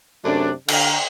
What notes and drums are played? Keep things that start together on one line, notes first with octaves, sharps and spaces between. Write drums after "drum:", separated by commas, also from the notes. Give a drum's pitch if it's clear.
F#2 C3 A3 D4
D3 F5 A#5, drum: cymbal